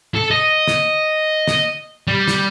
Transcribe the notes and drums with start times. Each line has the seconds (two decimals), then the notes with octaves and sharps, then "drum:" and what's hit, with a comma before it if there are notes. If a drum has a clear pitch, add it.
0.15 A4
0.31 D#5
0.68 drum: snare
1.47 drum: snare
2.07 G3
2.27 drum: snare